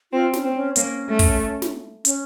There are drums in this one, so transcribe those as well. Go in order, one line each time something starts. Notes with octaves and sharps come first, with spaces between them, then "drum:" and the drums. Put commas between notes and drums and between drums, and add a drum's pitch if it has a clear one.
C4 F4
C#4, drum: snare
C4
C#4
A#3 C#4, drum: hi-hat
A3
drum: kick, open hi-hat
drum: snare
C#4, drum: hi-hat